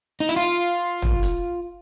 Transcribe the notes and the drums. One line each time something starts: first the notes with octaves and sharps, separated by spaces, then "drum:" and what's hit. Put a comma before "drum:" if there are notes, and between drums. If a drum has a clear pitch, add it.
D#4
E4, drum: hi-hat
F4
drum: tom
drum: hi-hat